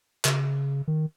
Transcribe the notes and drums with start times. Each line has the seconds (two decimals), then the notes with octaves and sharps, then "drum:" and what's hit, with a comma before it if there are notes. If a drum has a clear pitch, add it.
0.25 C#3, drum: clap
0.88 D#3